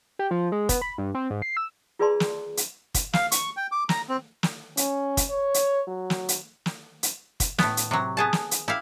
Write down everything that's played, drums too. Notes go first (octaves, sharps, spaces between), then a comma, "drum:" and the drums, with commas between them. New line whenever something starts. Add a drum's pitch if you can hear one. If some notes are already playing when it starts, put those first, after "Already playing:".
G4
F3
G#3
B3, drum: kick, hi-hat
B5
G2
C4
G#2
C7
E6
F4 G#4 B4 D5 A5 C6
drum: snare
drum: hi-hat
drum: kick, hi-hat
F5, drum: snare
C#6, drum: hi-hat
G5
D6
A#5, drum: snare
C4
drum: snare
C#4, drum: hi-hat
drum: kick, hi-hat
C#5
drum: hi-hat
F#3
drum: snare
drum: hi-hat
drum: snare
drum: hi-hat
drum: kick, hi-hat
A2 B3, drum: snare
drum: hi-hat
C3 F#3
B3 G#4 A5
drum: snare
drum: hi-hat
E4 G4 F5